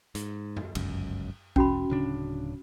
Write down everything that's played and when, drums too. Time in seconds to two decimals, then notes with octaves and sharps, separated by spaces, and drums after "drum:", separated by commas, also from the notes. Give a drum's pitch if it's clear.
0.15 G#2, drum: hi-hat
0.56 drum: tom F#2
0.75 G1 C#2 F#2, drum: cymbal
1.56 E1 C#4 F#4 B5, drum: kick A#1
1.90 D1 C#3 D4